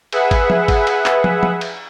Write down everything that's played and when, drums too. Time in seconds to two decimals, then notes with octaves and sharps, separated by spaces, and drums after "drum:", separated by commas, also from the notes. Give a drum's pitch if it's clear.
0.12 G#4 B4 E5 F#5, drum: cymbal
0.31 drum: kick, cymbal
0.50 drum: tom
0.68 drum: kick, cymbal
0.87 drum: cymbal
1.06 drum: clap
1.24 drum: tom
1.43 drum: tom
1.61 drum: cymbal